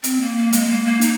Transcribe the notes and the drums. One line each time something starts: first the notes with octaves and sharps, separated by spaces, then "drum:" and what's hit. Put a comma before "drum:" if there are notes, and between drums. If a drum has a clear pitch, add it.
C4, drum: hi-hat
A#3
A#3
G#3, drum: hi-hat
A#3
A#3
D#4, drum: hi-hat